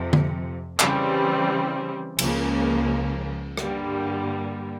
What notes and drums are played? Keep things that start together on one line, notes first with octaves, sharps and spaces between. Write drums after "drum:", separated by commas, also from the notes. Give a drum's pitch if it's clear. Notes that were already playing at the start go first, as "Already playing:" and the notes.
Already playing: F2 C3 F3
drum: tom D3
C#3 E3 G3 C4, drum: clap
C#2 C#3 F3 A#3, drum: cymbal
G2 D3 G3 A#3, drum: rim click